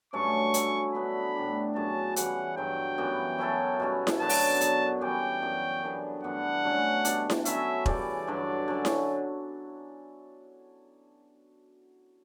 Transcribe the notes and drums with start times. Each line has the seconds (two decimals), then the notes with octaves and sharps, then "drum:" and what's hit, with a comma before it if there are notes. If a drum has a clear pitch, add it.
0.13 G2 F#3 A3 C#4 C#6
0.54 F#3 C#4 E4, drum: hi-hat
0.94 D3 F#3 B3 B5
1.36 A2 G3 D4 G4
1.76 F#2 C#3 F#3 C#4 A5
2.16 C#3 E3 G3 F#5, drum: hi-hat
2.57 G2 D3 F#3 G5
2.98 F#2 E3 G3 B3
3.38 F#3 C#4 E4 A4
3.80 B2 G3 C#4
4.07 drum: snare E4
4.20 F#2 D3 F#3 B3 A5
4.29 drum: open hi-hat
4.61 F#2 D3 F#3, drum: hi-hat
5.01 E3 G3 C#4 G4 G5
5.42 F#2 E3 B3 F#4
5.83 F#2 D3 G3 B3
6.23 G2 E3 B3 D4 F#5
6.64 D3 F#3 A3 C#4
7.05 B2 G3 D4, drum: hi-hat
7.30 drum: snare E4
7.45 F#3 C#4 E4 A4 E5, drum: hi-hat
7.86 C#3 E3 G3 D5, drum: kick E1
8.27 G2 D3 F#3
8.68 D3 F#3 C#4
8.85 drum: snare E4